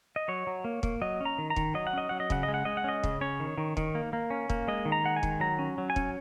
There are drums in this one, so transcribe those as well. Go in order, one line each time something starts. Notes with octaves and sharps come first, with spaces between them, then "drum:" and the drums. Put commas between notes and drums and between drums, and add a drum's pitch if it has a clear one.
D#5
F#3 C#5
F#3
A#3
A#3, drum: kick
F#3 D#5
C#4 A#5
D#3
A#5
D#3, drum: kick
F#3 D#5
F#5
C#4 D#5
F#3 F#5
D#5
C#3 F#5, drum: kick
D#5
G#3
F#5
G#3 D#5
F#5
C#4 D#5
C#3, drum: kick
C#4 C#5
D#3
D#3
D#3, drum: kick
A#3
A#3
C#4
A#3, drum: kick
G#3 D#5
D#3
A#5
G#3 F#5
G#5
D#3, drum: kick
F#3 A#5
C#4
F#3
G#5
C#4, drum: kick